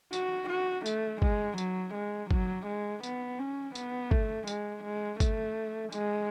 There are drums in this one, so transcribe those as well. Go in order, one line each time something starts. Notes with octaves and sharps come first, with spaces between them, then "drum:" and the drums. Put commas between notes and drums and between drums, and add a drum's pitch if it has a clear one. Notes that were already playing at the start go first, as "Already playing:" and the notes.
F#4, drum: tambourine
F#4
A3, drum: tambourine
G#3, drum: kick
F#3, drum: tambourine
G#3
F#3, drum: kick
G#3
B3, drum: tambourine
C#4
B3, drum: tambourine
A3, drum: kick
G#3, drum: tambourine
G#3
A3, drum: kick, tambourine
G#3, drum: tambourine